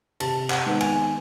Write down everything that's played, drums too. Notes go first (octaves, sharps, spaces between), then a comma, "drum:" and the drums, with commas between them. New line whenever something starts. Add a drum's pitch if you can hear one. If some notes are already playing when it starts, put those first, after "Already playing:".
C3 A5, drum: cymbal
F#5, drum: clap
D#3 G#3 B3
G#5, drum: cymbal